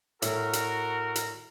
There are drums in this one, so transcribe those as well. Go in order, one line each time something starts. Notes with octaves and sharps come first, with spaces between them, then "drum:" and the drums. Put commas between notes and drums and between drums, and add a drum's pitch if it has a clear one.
A2 F#4 A#4, drum: hi-hat
drum: hi-hat
drum: hi-hat